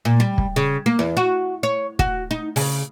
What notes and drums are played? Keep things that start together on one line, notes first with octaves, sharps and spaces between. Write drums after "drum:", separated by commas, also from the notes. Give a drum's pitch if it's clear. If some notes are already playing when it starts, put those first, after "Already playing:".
A#2
G3
drum: kick
C#3
A#3
E2
F#4
C#5
F#4, drum: kick
D#4
C#3, drum: open hi-hat